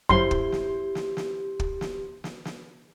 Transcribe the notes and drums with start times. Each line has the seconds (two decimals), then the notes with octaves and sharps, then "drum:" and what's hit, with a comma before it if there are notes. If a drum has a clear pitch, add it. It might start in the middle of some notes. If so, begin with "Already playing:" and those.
0.09 G1 F#2 F#3 E4 G4 C5 C6
0.31 drum: kick
0.52 drum: snare
0.95 drum: snare
1.17 drum: snare
1.60 drum: kick
1.81 drum: snare
2.24 drum: snare
2.45 drum: snare